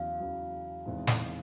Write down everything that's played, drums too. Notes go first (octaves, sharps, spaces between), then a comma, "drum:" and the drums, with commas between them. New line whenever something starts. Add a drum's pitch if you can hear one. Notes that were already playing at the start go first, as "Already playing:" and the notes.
Already playing: E2 C#3 F#3 F5
E2 C#3 F#3
E2 C3 D#3 G#3
drum: snare